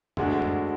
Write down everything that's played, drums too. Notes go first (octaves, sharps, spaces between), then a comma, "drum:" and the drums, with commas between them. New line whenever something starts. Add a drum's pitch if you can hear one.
D2 D3 G#3 D4 F#4, drum: tom F#2
drum: tom F#2